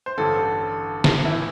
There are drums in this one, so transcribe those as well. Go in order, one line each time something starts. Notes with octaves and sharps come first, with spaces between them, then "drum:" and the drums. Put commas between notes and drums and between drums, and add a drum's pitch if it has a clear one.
C5
A1 G2 D3 A4
drum: snare
A2 E3 E4